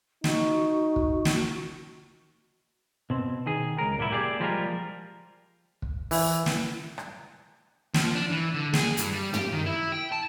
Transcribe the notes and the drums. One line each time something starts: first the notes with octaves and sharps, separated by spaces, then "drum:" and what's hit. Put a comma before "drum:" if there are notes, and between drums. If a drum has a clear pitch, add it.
D#4 F#4, drum: snare
drum: kick
drum: snare
B2 C4
D#3 G#4
C#2 A#4
A#2 A#3 B3 E4
A#3 G4 G#4 D5
F3 G3 G#3 A#3 F4 A#4
drum: kick
E3, drum: open hi-hat
drum: snare
drum: rim click
F3, drum: snare
D4
E3
D3
G#4, drum: snare
G2, drum: hi-hat
G3
G4, drum: tom
D#3
E4
G5
A5